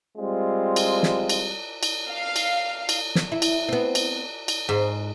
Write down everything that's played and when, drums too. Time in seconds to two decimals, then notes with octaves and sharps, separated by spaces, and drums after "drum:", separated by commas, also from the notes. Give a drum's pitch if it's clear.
0.17 G3 G#3 C4 F4
0.76 drum: cymbal
1.03 drum: snare
1.29 drum: cymbal
1.83 drum: cymbal
2.09 F5
2.36 drum: cymbal
2.89 drum: cymbal
3.15 drum: snare
3.32 E4
3.42 drum: cymbal
3.69 B3 C4
3.95 drum: cymbal
4.48 drum: cymbal
4.69 G#2